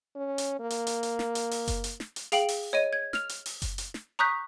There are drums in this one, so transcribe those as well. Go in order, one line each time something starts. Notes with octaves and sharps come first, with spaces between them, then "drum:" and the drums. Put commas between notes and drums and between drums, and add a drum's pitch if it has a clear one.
C#4
drum: hi-hat
A#3
drum: hi-hat
drum: hi-hat
drum: hi-hat
drum: snare
drum: hi-hat
drum: open hi-hat
drum: kick F#1, hi-hat
drum: hi-hat
drum: snare
drum: hi-hat
G#4 F5 G5 D7 F#7, drum: hi-hat
drum: open hi-hat
C#5 D#5 D#7
G#6
F6 F7, drum: snare
drum: hi-hat
drum: open hi-hat
drum: kick F#1, hi-hat
drum: hi-hat
drum: snare
A#5 C#6 D#6 F#6 G6 B6